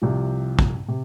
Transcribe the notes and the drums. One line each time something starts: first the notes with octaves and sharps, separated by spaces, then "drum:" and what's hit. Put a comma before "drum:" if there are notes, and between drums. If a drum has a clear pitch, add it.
C2 C3 F3
drum: kick
C3